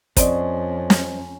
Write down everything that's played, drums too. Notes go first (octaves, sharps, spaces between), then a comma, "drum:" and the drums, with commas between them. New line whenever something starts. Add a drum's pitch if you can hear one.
F2 C4 C#4 C5 D5 D#5, drum: kick, hi-hat
drum: snare